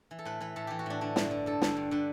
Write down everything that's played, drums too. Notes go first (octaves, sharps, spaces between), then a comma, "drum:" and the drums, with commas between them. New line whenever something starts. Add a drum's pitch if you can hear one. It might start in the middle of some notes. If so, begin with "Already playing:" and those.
E3
A4
A2 B4
E3 B4
A2 A4
E3 G4
F#4
A2 D4
D3 D4
G2 F#4, drum: snare
D3
G2 A4
D3, drum: snare
G2
D3 B4